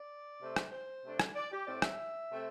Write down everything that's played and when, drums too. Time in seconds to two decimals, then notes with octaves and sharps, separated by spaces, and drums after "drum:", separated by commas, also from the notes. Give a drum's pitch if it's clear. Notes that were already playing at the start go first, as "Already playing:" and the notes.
Already playing: D5
0.41 C3 A3 C4
0.56 drum: rim click
0.72 C5
1.03 C3 A3 D4
1.20 drum: rim click
1.35 D5
1.52 G4
1.67 A2 A3 C4 D5
1.82 E5, drum: rim click
2.30 C3 A3 C4